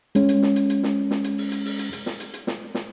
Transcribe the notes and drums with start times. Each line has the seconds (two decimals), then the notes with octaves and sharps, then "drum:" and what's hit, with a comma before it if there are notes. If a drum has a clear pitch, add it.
0.15 G#3 C#4, drum: hi-hat
0.29 drum: hi-hat
0.42 drum: snare
0.56 drum: hi-hat
0.70 drum: hi-hat
0.83 drum: snare
1.11 drum: snare
1.24 drum: hi-hat
1.38 drum: open hi-hat
1.52 drum: hi-hat
1.65 drum: open hi-hat
1.79 drum: hi-hat
1.93 drum: hi-hat
2.06 drum: snare
2.20 drum: hi-hat
2.34 drum: hi-hat
2.47 drum: snare
2.75 drum: snare